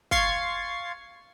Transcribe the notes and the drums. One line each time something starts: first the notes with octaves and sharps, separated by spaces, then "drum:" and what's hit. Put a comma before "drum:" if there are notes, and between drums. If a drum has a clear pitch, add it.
F5 C6 C#6 G#6 A6 C7, drum: kick